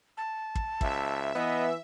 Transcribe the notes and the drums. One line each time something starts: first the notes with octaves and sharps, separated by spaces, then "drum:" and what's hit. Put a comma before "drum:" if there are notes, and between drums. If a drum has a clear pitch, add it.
A5
drum: kick
C#2 E5, drum: kick
E3 B3 D#5